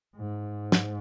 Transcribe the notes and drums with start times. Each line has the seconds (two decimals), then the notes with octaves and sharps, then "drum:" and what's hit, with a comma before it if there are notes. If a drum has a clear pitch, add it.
0.17 G#2
0.72 drum: snare